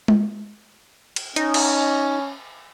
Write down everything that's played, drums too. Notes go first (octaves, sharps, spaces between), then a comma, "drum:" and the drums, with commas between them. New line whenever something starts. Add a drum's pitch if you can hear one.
drum: tom G#3
drum: cymbal
C#4 D#4, drum: hi-hat
drum: cymbal